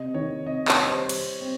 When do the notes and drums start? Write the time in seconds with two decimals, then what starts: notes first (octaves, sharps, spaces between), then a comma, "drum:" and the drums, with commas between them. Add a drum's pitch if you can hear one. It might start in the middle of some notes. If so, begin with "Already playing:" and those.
Already playing: C3 D#5
0.14 D#3 C#5
0.46 C3 D#5
0.68 C#5, drum: clap
0.78 G3
0.89 C5
1.09 G3, drum: cymbal
1.41 C4